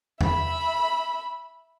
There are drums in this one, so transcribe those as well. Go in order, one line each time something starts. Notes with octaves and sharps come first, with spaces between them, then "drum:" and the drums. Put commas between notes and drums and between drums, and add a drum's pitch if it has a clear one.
E5 B5, drum: tom E2